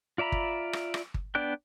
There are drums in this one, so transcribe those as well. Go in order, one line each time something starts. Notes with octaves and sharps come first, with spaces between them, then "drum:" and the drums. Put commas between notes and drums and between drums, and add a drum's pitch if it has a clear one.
F4 D5 E5 A#5 B5
drum: kick G1
drum: rim click
drum: rim click
drum: kick G1
B3 D4 D5 G5 F#6